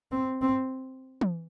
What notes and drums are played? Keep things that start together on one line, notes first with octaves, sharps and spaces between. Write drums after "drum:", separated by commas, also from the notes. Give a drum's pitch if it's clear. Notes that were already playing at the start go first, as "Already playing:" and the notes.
C4
C4
drum: tom E3